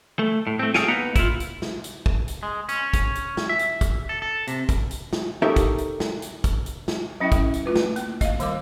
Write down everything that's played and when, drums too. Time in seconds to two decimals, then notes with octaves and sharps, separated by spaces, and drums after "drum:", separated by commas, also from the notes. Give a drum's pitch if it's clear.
0.19 A3
0.47 A2
0.59 A3 C4
0.74 G#4 A4 C#5 F5 G5 G#5, drum: snare
0.88 A#3 B3 D#4 B4 F#5 A#5
1.16 E4 F4, drum: kick, hi-hat
1.40 drum: hi-hat
1.62 drum: snare
1.84 drum: hi-hat
2.06 drum: kick
2.28 drum: hi-hat
2.43 G#3
2.69 C#4, drum: hi-hat
2.94 drum: kick, hi-hat
3.15 drum: hi-hat
3.37 drum: snare
3.49 E5
3.59 drum: hi-hat
3.81 drum: kick, hi-hat
4.09 A4
4.22 A4
4.47 C3, drum: hi-hat
4.69 drum: kick, hi-hat
4.91 drum: hi-hat
5.13 drum: snare
5.42 D#4 G4 A4 A#4 C#5 E5
5.56 drum: kick, hi-hat
5.78 drum: hi-hat
6.00 drum: snare
6.22 drum: hi-hat
6.44 drum: kick, hi-hat
6.66 drum: hi-hat
6.88 drum: snare
7.20 F#3 C#4 E4 E5 G5
7.32 drum: kick, hi-hat
7.54 drum: hi-hat
7.66 A3 F4 B4
7.76 drum: snare
7.96 A#3, drum: hi-hat
8.21 D#5 F5, drum: kick, hi-hat
8.40 D#3 G3 A#4 D6, drum: hi-hat